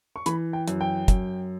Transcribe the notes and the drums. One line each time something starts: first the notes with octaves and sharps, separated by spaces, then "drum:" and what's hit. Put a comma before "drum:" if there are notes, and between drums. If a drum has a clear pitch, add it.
C#6
E3 B5, drum: hi-hat
G5
F#2, drum: hi-hat
G5
F#2, drum: kick, hi-hat